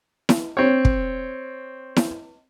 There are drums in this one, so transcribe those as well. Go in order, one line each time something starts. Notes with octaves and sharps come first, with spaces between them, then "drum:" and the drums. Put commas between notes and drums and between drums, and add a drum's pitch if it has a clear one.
drum: snare E4
C4 C#5
drum: kick
drum: snare E4